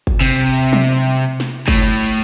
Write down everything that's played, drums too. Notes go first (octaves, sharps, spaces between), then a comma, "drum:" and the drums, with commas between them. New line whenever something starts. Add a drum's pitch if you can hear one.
drum: kick G1
C3
drum: tom
drum: snare
A2, drum: kick G1